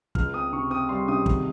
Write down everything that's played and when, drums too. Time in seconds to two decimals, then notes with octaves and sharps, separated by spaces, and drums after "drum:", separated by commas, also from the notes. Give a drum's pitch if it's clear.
0.15 C#2 F6, drum: kick
0.34 C4 D#6
0.53 C3 C#6
0.70 C4 D#6
0.89 G3 C6
1.08 C3 D#6
1.26 G#1, drum: kick